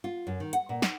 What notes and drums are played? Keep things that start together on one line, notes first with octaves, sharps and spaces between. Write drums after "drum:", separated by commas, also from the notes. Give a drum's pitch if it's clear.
F4
F#2
D#3
F#5, drum: hi-hat
A#2
D#4, drum: snare